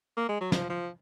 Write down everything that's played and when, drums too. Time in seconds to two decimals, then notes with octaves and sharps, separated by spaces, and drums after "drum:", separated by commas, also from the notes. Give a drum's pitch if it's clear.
0.17 A#3
0.29 G#3
0.41 F#3
0.52 F3, drum: snare
0.70 F3